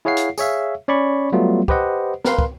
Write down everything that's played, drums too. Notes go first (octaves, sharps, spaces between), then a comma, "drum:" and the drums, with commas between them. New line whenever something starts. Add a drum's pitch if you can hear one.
E4 G#4 C#5 F5 F#5 C7
drum: hi-hat
G#4 C#5 E5 F5, drum: tambourine
C#4 C#5 D5 B5 C#6
F#3 G3 A3 B3 F4
G4 B4 C5 D#5 F#5, drum: kick
A#4 B4 F5 C6, drum: snare
drum: kick